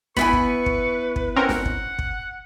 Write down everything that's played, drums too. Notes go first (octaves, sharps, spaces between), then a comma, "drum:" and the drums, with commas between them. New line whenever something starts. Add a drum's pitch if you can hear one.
B3 E4 B4 G#5 B5 C#6, drum: snare
drum: kick
drum: kick
drum: kick
C4 C#4 A#4 F#5
drum: snare
drum: kick
drum: kick